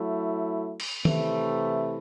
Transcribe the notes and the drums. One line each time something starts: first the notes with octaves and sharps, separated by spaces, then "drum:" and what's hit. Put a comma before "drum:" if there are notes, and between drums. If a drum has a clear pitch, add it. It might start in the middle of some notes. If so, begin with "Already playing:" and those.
Already playing: F#3 A3 E4
drum: cymbal
C3 E3 A3 E4, drum: tom D#3